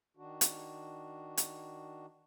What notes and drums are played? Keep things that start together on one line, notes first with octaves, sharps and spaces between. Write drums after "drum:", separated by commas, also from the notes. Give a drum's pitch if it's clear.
D#3 D4 F#4
drum: hi-hat
drum: hi-hat